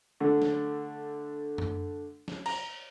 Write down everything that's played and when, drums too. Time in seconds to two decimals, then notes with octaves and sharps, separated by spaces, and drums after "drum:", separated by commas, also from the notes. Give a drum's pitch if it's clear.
0.20 D3 A3
0.42 drum: snare
1.58 drum: tom F#2
2.28 drum: snare
2.46 A#5, drum: cymbal